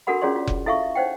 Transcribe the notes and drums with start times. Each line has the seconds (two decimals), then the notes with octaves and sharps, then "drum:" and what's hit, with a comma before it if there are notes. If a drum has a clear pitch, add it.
0.07 D4 F#4 A4 A#4 F#5 B5
0.21 C#4 F4 G#4 C#5 D5 C6
0.36 F4
0.47 drum: kick F1
0.66 E4 A4 E5 F5 C#6
0.95 D#4 C5 C#5 F#5 G5